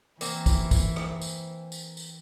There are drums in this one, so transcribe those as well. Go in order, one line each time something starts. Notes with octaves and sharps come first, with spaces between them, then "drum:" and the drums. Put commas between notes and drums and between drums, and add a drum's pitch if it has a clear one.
E3 A#3 C4, drum: tambourine
drum: kick, tambourine
drum: kick, tambourine
drum: rim click
drum: tambourine
drum: tambourine
drum: tambourine